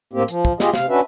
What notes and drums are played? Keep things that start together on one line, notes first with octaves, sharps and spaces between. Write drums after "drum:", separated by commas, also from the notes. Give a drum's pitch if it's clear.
A2 A#3 C4 G4
F3, drum: hi-hat
drum: kick
F4 G4 G#4 D#5, drum: snare
C3 F5, drum: snare
C#4 D4 F#4 B4 E5